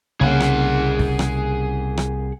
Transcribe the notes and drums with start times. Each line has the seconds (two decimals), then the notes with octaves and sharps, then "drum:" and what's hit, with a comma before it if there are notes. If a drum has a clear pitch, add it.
0.21 C2 C#3 A#3 G#4 F#5
0.40 drum: rim click
0.99 drum: kick
1.19 drum: rim click
1.98 drum: rim click